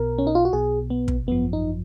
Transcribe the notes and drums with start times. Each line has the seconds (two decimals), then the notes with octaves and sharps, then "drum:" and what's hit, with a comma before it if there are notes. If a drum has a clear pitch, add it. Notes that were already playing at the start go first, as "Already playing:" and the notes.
Already playing: B1 B2 A#4
0.18 C#4
0.27 D#4
0.35 F4
0.45 F#4
0.53 B1 B2 G#4
0.90 B3
1.08 drum: kick
1.27 G#1 F#2 F3 B3
1.53 D#4